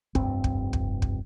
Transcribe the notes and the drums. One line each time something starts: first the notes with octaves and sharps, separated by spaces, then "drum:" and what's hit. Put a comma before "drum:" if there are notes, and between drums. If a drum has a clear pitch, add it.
F1 G2 C4, drum: kick
drum: kick
drum: kick
drum: kick